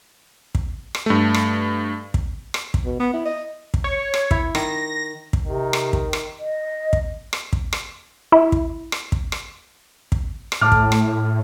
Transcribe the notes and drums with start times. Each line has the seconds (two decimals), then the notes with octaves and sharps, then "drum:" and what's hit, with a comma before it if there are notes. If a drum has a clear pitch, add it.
0.55 drum: kick
0.95 drum: rim click
1.06 G2 A3
1.34 drum: rim click
2.14 drum: kick
2.54 drum: rim click
2.74 drum: kick
2.85 B2
3.00 B3
3.14 E4
3.25 D#5
3.74 drum: kick
3.84 C#5
4.14 drum: rim click
4.31 E4, drum: kick
4.55 D#3 A#6, drum: rim click
5.33 drum: kick
5.46 C3 D#3
5.73 drum: rim click
5.93 drum: kick
6.13 drum: rim click
6.38 D#5
6.93 drum: kick
7.33 drum: rim click
7.53 drum: kick
7.73 drum: rim click
8.32 E4
8.52 drum: kick
8.92 drum: rim click
9.12 drum: kick
9.32 drum: rim click
10.12 drum: kick
10.52 drum: rim click
10.61 A2 A5 D6 F6
10.72 drum: kick
10.92 drum: rim click